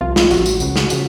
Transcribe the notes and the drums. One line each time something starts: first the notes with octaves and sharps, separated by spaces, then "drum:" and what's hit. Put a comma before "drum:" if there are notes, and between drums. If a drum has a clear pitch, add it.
C2 C3 F3 F4
F4, drum: snare
A1 A2 F3 F#4, drum: tambourine
drum: tambourine
C#2 C#3 F3, drum: tambourine
drum: snare
C#3 F3, drum: tambourine